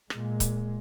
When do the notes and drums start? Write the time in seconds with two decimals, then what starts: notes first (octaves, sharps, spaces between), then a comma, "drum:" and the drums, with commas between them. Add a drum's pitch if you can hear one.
0.10 A#2 G#3, drum: rim click
0.40 drum: kick C#1, hi-hat